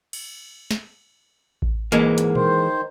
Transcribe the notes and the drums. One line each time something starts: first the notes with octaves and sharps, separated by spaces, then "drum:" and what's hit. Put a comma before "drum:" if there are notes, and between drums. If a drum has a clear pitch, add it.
drum: cymbal
drum: snare
drum: kick A1
G#2 E3 G#3 A#3, drum: hi-hat
drum: hi-hat
D#3 C5, drum: tom A#2